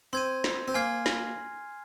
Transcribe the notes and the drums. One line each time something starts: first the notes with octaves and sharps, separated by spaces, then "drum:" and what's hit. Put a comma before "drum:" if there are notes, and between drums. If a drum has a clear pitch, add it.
C4 C6 G#6 D#7
drum: snare
C4
A#3 G#5 F6 G#6 C7
drum: snare